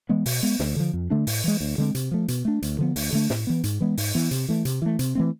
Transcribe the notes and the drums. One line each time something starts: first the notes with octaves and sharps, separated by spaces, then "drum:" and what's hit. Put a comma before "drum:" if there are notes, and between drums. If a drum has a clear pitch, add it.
E3 G#3 B3
B2, drum: open hi-hat
G#3 B3
D2, drum: snare
D3 F3
F2
D3 A3 D4
A2, drum: open hi-hat
E3 G#3
D2
D3 G#3 C4
C3, drum: hi-hat
F3 A3
B2, drum: hi-hat
A3 D4
D2, drum: hi-hat
D3 F3 B3
D2, drum: open hi-hat
D3 A3 D4
A2, drum: snare
E3 B3
G#2, drum: hi-hat
E3 G#3 B3
G#2, drum: open hi-hat
E3 B3
C3, drum: hi-hat
E3 A3
C3, drum: hi-hat
E3 A3
C3, drum: hi-hat
E3 A3 C4